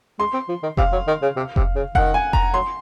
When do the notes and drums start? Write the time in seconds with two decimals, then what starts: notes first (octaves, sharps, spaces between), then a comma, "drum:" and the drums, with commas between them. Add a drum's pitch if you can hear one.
0.19 G#3 C6
0.33 C4
0.48 F3
0.63 D#3
0.77 C3 F5, drum: kick F1
0.92 F#3
1.07 D#3
1.22 C#3
1.36 C3
1.56 C3, drum: kick F1
1.75 C#3
1.95 D#3 F#5, drum: kick F1
2.14 G#5
2.33 A#5, drum: kick F1
2.54 F#3 C6